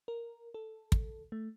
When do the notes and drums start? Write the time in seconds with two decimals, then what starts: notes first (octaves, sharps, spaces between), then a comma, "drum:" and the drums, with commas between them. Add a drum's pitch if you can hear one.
0.08 A#4
0.54 A4
0.92 drum: kick
1.32 A3